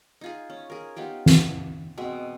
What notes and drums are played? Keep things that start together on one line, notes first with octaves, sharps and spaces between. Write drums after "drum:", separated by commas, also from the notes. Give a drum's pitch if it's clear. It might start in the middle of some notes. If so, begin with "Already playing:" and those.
D#4 F4 G#4
C#4
G#4 A#4
B3 D#4 F4 G4
drum: snare
B2 G#3 C4 E5